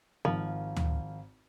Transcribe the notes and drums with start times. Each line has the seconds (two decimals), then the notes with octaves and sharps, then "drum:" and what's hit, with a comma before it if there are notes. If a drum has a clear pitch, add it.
0.25 G#1 F3
0.76 drum: tom D2